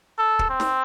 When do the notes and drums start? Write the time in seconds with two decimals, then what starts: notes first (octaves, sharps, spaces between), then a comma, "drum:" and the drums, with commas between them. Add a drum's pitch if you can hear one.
0.19 A4
0.39 drum: kick
0.49 C4
0.60 drum: snare